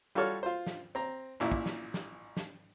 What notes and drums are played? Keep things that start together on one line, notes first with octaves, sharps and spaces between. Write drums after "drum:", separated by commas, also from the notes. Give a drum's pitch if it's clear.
G3 F4 F#4 A4 C#5 F6
F4 C5
drum: snare
C4 A#5
A1 A#2 E4
drum: kick
drum: snare
drum: snare
drum: snare